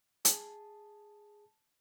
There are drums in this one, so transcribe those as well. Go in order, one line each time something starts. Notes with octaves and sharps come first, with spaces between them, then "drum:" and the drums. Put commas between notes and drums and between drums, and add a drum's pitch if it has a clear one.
G#4 A5, drum: hi-hat